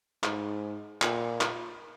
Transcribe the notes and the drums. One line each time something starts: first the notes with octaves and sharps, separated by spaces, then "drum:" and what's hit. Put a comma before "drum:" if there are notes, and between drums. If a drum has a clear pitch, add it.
G#2, drum: clap
A#2, drum: clap
drum: clap